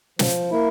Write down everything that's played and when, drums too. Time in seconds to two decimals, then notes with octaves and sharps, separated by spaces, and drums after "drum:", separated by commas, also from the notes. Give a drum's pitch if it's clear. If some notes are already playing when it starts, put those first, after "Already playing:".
0.19 F3, drum: snare
0.51 A#3 E4